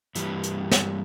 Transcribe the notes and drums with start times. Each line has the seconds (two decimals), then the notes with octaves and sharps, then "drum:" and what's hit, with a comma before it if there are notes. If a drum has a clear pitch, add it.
0.15 G2 E3 G3, drum: hi-hat
0.43 drum: hi-hat
0.71 drum: snare